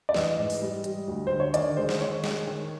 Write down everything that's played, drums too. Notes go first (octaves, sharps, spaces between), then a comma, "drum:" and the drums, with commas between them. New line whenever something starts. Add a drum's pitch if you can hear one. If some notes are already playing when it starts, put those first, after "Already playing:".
D5
E3 D#5, drum: snare
G#2
drum: open hi-hat
G3
G3, drum: hi-hat
D2
D3 C5
C#5
D#3 D5, drum: hi-hat
G#3 C5
drum: snare
D#3 C#5
G#3, drum: snare
D#3